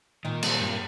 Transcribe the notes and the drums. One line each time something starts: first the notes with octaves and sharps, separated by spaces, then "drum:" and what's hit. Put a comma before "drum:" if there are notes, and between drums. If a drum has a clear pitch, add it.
A#2 D#3
G3 C4, drum: cymbal
G2